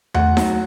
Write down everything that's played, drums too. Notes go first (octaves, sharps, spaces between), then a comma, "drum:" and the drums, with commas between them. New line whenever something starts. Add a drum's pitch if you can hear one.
D2 F#5, drum: tom E2
F#3, drum: snare D#4